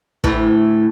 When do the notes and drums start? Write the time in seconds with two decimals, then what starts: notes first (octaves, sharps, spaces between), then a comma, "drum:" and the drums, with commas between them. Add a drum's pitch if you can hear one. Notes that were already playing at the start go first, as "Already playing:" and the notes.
0.24 D2 A2 E3, drum: kick